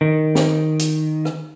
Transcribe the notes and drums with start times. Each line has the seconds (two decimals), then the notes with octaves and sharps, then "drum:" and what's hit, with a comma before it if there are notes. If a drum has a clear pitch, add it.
0.01 D#3
0.35 drum: snare
0.79 drum: hi-hat
1.25 drum: rim click